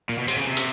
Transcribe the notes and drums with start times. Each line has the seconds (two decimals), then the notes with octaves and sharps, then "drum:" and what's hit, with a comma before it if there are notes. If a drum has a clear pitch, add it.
0.09 A#2
0.19 B2
0.28 C3, drum: hi-hat
0.38 C#3
0.47 C3
0.57 drum: hi-hat